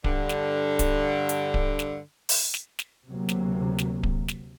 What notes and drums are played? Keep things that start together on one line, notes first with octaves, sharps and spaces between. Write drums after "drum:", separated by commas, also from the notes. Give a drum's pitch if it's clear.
G2 D3, drum: kick D1
drum: snare
drum: kick D1, hi-hat
drum: hi-hat
drum: kick D1
drum: snare
drum: open hi-hat
drum: snare
drum: snare
D2 C3 F#3 A#3
drum: snare
drum: snare
drum: kick D1
drum: snare